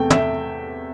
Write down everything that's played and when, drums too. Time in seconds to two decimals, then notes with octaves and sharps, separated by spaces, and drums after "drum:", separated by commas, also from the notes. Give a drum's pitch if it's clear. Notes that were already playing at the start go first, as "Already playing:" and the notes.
Already playing: E2 C3 A3 G5
0.10 E5, drum: tom